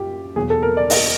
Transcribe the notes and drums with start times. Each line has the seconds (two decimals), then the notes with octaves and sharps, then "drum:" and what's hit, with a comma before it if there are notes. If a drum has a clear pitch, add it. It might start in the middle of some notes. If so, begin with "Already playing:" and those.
Already playing: F#2 F4 G4
0.36 E2 B2 F#3 G#4
0.50 A4
0.62 A#4
0.77 D5
0.90 D#5, drum: open hi-hat